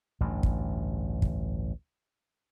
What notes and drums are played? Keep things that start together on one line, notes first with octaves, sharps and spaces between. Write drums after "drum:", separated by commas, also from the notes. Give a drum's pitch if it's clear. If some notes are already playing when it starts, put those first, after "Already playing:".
A1 D2 G2
drum: kick
drum: kick